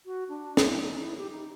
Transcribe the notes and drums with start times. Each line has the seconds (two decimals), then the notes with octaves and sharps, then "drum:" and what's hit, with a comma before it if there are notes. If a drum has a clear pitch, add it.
0.06 F#4
0.29 D4
0.57 E4, drum: snare
0.82 D#4
1.00 E4
1.17 G4
1.32 D#4